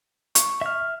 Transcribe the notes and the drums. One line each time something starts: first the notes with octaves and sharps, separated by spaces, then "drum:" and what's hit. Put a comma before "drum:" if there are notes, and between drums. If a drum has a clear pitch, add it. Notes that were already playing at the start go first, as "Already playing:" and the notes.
C#6, drum: hi-hat
E5 F6